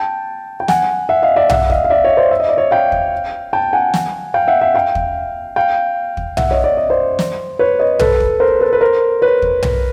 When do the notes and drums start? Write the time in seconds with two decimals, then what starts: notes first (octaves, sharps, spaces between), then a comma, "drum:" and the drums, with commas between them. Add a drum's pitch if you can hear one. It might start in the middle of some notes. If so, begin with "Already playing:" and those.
Already playing: G5 A5
0.60 G5
0.68 F#5 G#5, drum: snare
1.09 E5 F#5
1.22 D#5 F5
1.36 D5 E5
1.49 E5 F#5, drum: tom B1
1.70 D#5 F5, drum: kick
1.84 F5
1.90 D5 E5
2.04 C#5 D#5
2.17 C5 D5
2.31 E5
2.40 D#5
2.49 D5
2.57 C#5 D#5
2.71 F5 G5
2.92 drum: kick
3.53 G5 A5
3.73 F#5 G#5
3.94 drum: snare
4.34 F5 G5
4.48 E5 F#5
4.61 E5 F#5
4.74 F5 G5
4.95 drum: kick
5.56 F5 G5
6.17 drum: kick
6.37 E5 F#5, drum: tom B1
6.51 C#5 D#5
6.64 D5
6.77 D#5
6.90 C5 D5
7.19 drum: snare
7.59 B4 C#5
7.79 C#5 D#5
7.99 A4 B4, drum: tom B1
8.20 drum: kick
8.40 A#4 C5
8.60 A4 B4
8.73 B4
8.81 A#4 C5
9.22 B4 C#5
9.42 drum: kick
9.63 drum: tom B1